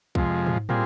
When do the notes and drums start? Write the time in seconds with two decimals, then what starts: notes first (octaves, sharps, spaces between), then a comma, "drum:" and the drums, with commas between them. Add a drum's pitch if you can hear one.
0.15 F2 C3 F3 G#3, drum: kick B1
0.46 drum: tom
0.69 A#2 G3 C4 F4 G#4, drum: tom